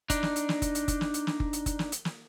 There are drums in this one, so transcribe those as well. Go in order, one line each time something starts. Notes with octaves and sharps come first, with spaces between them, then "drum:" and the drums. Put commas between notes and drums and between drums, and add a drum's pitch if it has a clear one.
D4 D#4, drum: kick F#1, hi-hat
drum: snare
drum: hi-hat
drum: snare
drum: kick F#1, hi-hat
drum: hi-hat
drum: kick F#1, hi-hat
drum: snare
drum: hi-hat
drum: snare
drum: kick F#1
drum: hi-hat
drum: kick F#1, hi-hat
drum: snare
drum: hi-hat
drum: snare